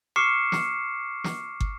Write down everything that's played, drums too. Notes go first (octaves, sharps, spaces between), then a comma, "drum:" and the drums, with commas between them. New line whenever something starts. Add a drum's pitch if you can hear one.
C#6 D6 F6 C7 C#7 E7
drum: snare
drum: snare
drum: kick